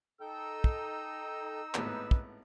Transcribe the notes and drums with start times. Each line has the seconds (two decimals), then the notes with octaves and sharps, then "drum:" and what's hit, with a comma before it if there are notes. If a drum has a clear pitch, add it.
0.21 D#4 A4 G5 E6
0.64 drum: kick
1.74 G#1 A2 B3 B4, drum: clap
2.11 drum: kick